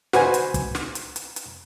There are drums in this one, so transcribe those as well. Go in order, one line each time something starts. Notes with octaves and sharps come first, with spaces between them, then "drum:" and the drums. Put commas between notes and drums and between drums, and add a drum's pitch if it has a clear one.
F#4 B4 C5 G#5, drum: snare
drum: hi-hat
drum: kick, hi-hat
drum: snare
drum: hi-hat
drum: hi-hat
drum: hi-hat